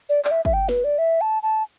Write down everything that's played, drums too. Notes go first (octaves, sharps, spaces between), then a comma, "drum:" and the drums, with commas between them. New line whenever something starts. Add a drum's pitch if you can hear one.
D5
D5, drum: clap
E5
E5, drum: kick
G5
B4, drum: snare
D5
E5
A5
A5